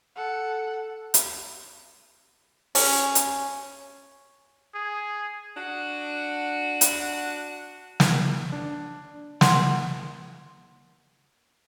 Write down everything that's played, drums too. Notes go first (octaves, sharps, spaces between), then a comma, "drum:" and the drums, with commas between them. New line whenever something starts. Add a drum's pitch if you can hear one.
A4 F#5
drum: hi-hat
C#4, drum: open hi-hat
drum: hi-hat
G#4
D4 F#4 F#5
drum: hi-hat
drum: snare
D4
F#5 C6, drum: snare